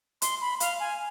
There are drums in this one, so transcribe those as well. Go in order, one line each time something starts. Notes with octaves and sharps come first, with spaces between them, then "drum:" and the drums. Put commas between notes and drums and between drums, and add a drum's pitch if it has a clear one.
C6, drum: hi-hat
B5
F5, drum: hi-hat
G#5